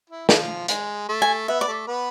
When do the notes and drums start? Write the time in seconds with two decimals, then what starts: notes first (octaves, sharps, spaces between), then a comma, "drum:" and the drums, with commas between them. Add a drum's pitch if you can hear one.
0.10 E4
0.29 F3 F4, drum: snare
0.68 G#3 G#4, drum: hi-hat
1.09 A3 A4
1.22 G#5
1.48 B3 B4 E5
1.61 D5
1.68 A3 A4
1.87 B3 B4